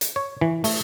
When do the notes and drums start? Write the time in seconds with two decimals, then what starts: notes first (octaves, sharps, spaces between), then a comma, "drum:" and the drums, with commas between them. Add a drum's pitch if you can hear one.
0.01 drum: hi-hat
0.16 C#5
0.41 E3
0.64 A3, drum: open hi-hat